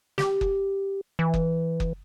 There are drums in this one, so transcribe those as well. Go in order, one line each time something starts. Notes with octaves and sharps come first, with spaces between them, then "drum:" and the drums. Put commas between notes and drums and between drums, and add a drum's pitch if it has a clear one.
G4, drum: snare
drum: kick F#1
E3
drum: kick F#1
drum: kick F#1